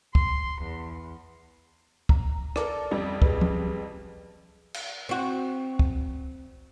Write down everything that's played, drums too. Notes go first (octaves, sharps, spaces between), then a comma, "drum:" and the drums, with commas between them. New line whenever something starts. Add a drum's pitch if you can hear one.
C6, drum: kick
E2
A#5, drum: kick
A4 A#4 D5 D6, drum: rim click
A1 F2 G3
G#4 B4, drum: kick
drum: tom F3
drum: cymbal
C4 F#4
drum: kick